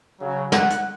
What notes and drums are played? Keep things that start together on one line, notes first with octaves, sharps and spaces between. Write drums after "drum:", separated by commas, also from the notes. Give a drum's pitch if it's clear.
C#3 F#3
F#5, drum: snare
drum: hi-hat